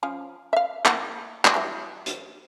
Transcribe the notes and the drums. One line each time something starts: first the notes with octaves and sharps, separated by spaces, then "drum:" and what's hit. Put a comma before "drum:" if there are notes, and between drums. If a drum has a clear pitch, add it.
F3 C#4 F4
E5 F5
A#3 F#5, drum: clap
drum: clap
E3 F#3 G3
drum: hi-hat